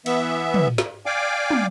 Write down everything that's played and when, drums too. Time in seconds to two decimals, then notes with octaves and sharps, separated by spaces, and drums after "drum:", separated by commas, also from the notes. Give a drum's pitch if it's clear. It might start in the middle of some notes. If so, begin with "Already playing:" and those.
0.06 E3 B3 E5, drum: cymbal
0.54 drum: tom
0.78 drum: snare
1.06 D5 F5 G5 G#5 D6
1.51 drum: tom